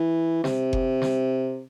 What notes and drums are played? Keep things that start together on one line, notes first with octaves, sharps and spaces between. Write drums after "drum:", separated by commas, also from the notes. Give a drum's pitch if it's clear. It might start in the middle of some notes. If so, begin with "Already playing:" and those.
Already playing: E3
C3, drum: snare
drum: kick F#1
drum: snare